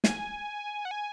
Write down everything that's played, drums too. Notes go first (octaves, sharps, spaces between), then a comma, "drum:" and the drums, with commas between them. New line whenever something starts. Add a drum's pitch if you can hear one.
G#5, drum: snare
F#5
G#5